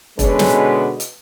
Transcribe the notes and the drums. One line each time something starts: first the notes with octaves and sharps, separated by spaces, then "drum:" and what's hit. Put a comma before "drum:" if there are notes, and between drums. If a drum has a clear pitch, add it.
B2 D3 G#3 C#4 B4, drum: kick E1, hi-hat
drum: snare
drum: hi-hat